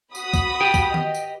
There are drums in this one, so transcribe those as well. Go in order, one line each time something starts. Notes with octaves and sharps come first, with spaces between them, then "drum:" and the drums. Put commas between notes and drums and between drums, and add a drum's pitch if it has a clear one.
F#4 B5 D#6, drum: tambourine
drum: kick, tambourine
G4 B4 G5
drum: kick, tambourine
D#5, drum: tom D#3
drum: tambourine